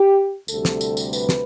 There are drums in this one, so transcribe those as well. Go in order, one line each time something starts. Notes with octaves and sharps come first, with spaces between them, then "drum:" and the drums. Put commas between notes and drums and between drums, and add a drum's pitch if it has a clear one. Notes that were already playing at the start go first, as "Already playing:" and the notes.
Already playing: G4
D2 C3 G3 A4, drum: tambourine
drum: snare
drum: tambourine
drum: tambourine
B4, drum: tambourine
drum: snare